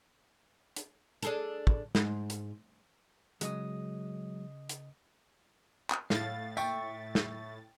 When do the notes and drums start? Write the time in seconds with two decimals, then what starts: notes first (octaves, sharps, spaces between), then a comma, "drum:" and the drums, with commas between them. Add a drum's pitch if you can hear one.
0.76 drum: hi-hat
1.23 D4 G#4 A4, drum: hi-hat
1.67 drum: kick
1.95 G#2, drum: snare
2.30 drum: hi-hat
3.41 C#3 F#3 G#3 D#5 D#6, drum: hi-hat
4.69 drum: hi-hat
5.90 drum: clap
6.10 A2 F5 A6, drum: snare
6.57 E5 G5 C#6, drum: tambourine
7.15 drum: snare